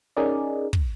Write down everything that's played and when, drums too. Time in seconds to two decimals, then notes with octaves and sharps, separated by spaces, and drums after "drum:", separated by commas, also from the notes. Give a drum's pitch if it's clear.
0.17 C#4 D#4 G#4 A#4 D5
0.73 drum: kick